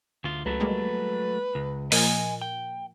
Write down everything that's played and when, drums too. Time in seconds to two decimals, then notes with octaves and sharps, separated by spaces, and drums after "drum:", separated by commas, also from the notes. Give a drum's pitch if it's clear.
0.24 D2 F4
0.46 C#2 F#3 A3 B4
0.60 G3 G#3 A#3
1.55 C#2
1.92 A#2 F3 A#4 D#5 G#5, drum: open hi-hat
2.41 G5